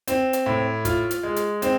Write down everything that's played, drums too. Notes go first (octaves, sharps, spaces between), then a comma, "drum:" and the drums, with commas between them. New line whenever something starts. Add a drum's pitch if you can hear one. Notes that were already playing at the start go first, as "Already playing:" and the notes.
C4, drum: hi-hat
drum: hi-hat
A2
F4, drum: kick, hi-hat
drum: hi-hat
G#3
drum: hi-hat
C4, drum: hi-hat